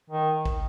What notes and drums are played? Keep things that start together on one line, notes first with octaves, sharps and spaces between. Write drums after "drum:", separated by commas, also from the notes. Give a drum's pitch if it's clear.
D#3
drum: kick